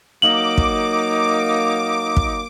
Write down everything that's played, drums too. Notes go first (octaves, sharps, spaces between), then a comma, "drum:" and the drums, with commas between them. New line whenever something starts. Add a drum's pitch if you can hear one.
F#3 A#3 D#4 D6 F#7
drum: kick
drum: kick